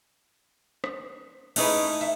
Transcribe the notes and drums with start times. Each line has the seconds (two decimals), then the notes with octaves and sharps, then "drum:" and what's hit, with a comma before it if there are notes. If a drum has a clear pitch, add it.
0.84 drum: rim click
1.56 A3 C#4 D#4 E4 G#4 B4, drum: cymbal
2.01 E5